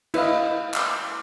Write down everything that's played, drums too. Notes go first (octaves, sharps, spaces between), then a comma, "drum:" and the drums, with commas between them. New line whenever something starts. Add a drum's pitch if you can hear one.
E4 B4 D#5 F5, drum: cymbal
drum: clap